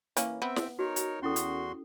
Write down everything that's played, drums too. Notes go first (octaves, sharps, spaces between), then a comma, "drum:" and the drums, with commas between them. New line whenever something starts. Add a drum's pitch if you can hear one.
E3 A#3 C#4, drum: hi-hat
B3 C4 E5 G5
drum: snare
D#4 F#4 A#4 C#5
drum: hi-hat
E2 C#4 E4 F#4 A4 C6
drum: hi-hat